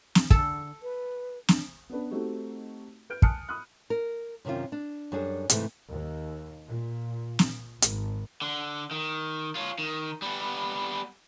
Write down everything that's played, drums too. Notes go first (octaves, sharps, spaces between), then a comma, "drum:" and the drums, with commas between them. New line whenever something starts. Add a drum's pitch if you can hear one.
drum: snare
D3 A4, drum: kick
B4
D4, drum: snare
B3 C#4 D4 B4
A3 C4 D#4 F#4 G4
B4 F6 G6 D7
G#5 A5 D#6 F6 F#6 C#7, drum: kick
B5 D#6 F#6
A#4
F#2 C3 D#3 C#4 F4
D4
F#2 G3 D4 G#4 A4
G#2 C3 E3 G3 A3, drum: hi-hat
D#2
A#2
drum: snare
G#1, drum: hi-hat
D3
D#3
F4 C#5
D#3
G3 B3